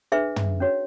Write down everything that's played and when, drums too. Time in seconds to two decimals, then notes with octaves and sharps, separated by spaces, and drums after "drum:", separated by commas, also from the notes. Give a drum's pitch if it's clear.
0.12 D4 G#4 B4 E5
0.36 drum: tom
0.60 C#4 F#4 C#5